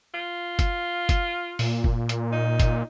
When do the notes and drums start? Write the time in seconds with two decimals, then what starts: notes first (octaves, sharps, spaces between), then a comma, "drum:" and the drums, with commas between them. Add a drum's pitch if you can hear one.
0.14 F4
0.59 drum: kick F#1, hi-hat
1.09 drum: kick F#1, hi-hat
1.59 A#2, drum: open hi-hat
1.84 drum: kick F#1
2.09 drum: hi-hat
2.33 D#4
2.60 drum: kick F#1, hi-hat